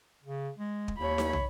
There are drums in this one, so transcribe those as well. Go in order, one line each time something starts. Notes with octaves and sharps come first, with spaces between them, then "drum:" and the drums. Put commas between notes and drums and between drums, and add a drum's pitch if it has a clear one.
C#3
G#3
drum: kick
D#2 C#5 B5
drum: snare D#4
drum: tom